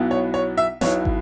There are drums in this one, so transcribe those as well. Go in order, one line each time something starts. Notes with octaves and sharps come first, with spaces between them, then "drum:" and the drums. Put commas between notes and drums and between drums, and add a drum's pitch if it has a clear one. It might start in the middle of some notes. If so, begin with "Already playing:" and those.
Already playing: B1 B2 B3 E4
C#5
C#5
E5
B1 B2 B3 E4 C#5, drum: snare
drum: kick